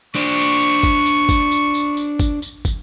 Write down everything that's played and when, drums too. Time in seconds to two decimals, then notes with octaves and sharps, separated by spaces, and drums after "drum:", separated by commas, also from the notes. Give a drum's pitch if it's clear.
0.15 D4 C5 C#6, drum: tambourine
0.38 drum: tambourine
0.61 drum: tambourine
0.83 drum: kick, tambourine
1.06 drum: tambourine
1.29 drum: kick, tambourine
1.51 drum: tambourine
1.74 drum: tambourine
1.97 drum: tambourine
2.20 drum: kick, tambourine
2.42 drum: tambourine
2.65 drum: kick, tambourine